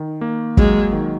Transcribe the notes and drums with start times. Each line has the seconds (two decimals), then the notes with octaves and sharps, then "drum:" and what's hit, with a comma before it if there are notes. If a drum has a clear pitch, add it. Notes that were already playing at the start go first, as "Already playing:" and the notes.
Already playing: D#3
0.21 A#3
0.57 F#3 G#3, drum: kick
0.93 D#3